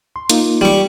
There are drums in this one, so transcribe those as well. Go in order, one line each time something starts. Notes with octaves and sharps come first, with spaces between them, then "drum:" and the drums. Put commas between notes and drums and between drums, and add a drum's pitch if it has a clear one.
C6
A#3 D#4 F4, drum: hi-hat
G3 C#6